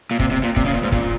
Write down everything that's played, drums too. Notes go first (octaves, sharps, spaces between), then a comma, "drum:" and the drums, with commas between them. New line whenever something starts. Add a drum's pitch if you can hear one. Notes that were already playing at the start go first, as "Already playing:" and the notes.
A#2
C3, drum: kick
C3
A#2
C3, drum: kick
C#3
A#2
G#2
A#2, drum: kick